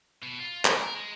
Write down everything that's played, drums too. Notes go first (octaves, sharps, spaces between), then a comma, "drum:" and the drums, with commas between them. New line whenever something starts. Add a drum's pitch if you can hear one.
B2
F4
C#2, drum: clap
A#4
G#3